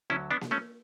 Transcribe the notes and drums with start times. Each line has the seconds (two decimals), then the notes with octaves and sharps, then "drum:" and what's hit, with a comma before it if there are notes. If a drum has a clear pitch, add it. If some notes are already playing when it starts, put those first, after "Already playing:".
0.10 D2 D3 F#3 C#4 E4
0.31 B3 D4
0.41 drum: snare A#3
0.51 A3 C#4